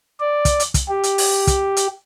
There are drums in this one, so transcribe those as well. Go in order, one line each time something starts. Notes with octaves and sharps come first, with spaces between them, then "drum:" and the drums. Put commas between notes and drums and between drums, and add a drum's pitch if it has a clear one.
D5
drum: kick, hi-hat
drum: hi-hat
drum: kick, hi-hat
G4
drum: hi-hat
drum: open hi-hat
drum: kick, hi-hat
drum: hi-hat